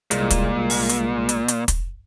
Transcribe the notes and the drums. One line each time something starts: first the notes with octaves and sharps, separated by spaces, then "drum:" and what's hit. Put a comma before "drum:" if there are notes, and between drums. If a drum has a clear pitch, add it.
C2 A#2 G#3, drum: hi-hat
drum: kick, hi-hat
drum: open hi-hat
drum: hi-hat
drum: hi-hat
drum: hi-hat
drum: kick, hi-hat